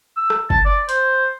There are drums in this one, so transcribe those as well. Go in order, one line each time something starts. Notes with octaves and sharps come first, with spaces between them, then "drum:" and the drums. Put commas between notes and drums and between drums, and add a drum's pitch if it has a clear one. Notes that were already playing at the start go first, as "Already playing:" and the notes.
E6
drum: rim click
A5, drum: kick
D5
C5, drum: hi-hat